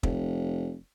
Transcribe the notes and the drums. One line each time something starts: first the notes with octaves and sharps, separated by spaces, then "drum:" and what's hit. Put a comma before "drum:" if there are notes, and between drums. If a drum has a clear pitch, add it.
F1, drum: kick